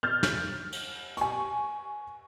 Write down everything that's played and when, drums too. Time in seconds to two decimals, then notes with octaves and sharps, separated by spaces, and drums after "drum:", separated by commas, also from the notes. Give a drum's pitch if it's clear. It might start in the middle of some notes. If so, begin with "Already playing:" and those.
0.03 F6 G6 A6
0.23 drum: snare
0.72 drum: cymbal
1.17 G#5 C#6, drum: hi-hat